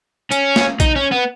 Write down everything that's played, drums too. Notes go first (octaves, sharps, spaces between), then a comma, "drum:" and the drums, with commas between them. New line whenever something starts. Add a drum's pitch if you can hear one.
C#4, drum: hi-hat
drum: snare
D#4, drum: kick A#1, hi-hat
C#4
B3